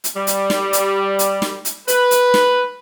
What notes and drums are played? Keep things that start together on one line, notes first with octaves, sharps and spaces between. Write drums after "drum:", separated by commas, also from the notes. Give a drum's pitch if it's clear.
drum: hi-hat
G3
drum: hi-hat
drum: snare
drum: hi-hat
drum: hi-hat
drum: snare
drum: hi-hat
B4, drum: hi-hat
drum: hi-hat
drum: snare